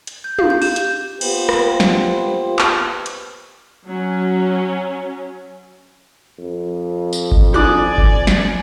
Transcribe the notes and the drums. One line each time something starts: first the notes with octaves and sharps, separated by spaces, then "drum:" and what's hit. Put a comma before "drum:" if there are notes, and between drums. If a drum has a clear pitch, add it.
drum: hi-hat
G6
F5, drum: tom
G6
G4, drum: open hi-hat
G6, drum: hi-hat
A#3 B3 F4 G4 B4 C5, drum: cymbal
drum: rim click
drum: snare
drum: clap
drum: hi-hat
F#3 C#4
F2
drum: tambourine
drum: kick G1
D5 G#5 D6 D#6 F#6, drum: tom
drum: kick G1
drum: snare